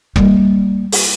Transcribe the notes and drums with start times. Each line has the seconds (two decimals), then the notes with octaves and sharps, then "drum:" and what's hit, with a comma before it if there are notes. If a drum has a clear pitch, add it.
0.16 G3 A#3, drum: kick F#1
0.92 drum: open hi-hat